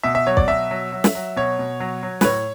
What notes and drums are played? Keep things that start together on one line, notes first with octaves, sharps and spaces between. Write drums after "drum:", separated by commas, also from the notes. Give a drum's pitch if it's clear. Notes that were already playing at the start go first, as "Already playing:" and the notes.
B2 E5
E5
F#3 C#5
D5, drum: kick
B2 E5
F#3
F#3
drum: snare
F#3
B2 C#5
B2
F#3
F#3
B4, drum: snare
A2 C#5